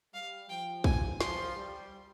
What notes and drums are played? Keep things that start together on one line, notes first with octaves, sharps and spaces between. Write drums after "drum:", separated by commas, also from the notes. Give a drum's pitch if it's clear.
G3 F5
F3 G5
G#5, drum: kick
F3 C6, drum: snare
G3